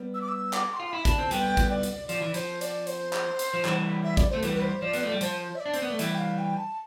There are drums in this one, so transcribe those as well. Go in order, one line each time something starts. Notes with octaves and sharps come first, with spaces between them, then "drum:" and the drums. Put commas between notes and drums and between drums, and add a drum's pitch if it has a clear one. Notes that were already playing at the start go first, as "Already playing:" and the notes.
Already playing: G3 B3
E6
D6
E6
D6, drum: clap
C6
F4
C6
E4 B5
D4, drum: kick, hi-hat
A5
C4
G3 B3 G5, drum: hi-hat
drum: kick, hi-hat
D5
drum: hi-hat
F3 D5, drum: hi-hat
E3
F3 C5, drum: hi-hat
D5, drum: hi-hat
C5, drum: hi-hat
drum: clap
drum: hi-hat
F3
E3 G3, drum: clap
E5
D5, drum: kick, hi-hat
A3 C5
E3 G3 B4, drum: hi-hat
B4
C5
F3 D5
B3, drum: hi-hat
A3 D5
G3
F3 C5, drum: hi-hat
E5
D5
D4
C4, drum: hi-hat
B3
A3
E3 G3 E5, drum: hi-hat
G5
F5
G5
A5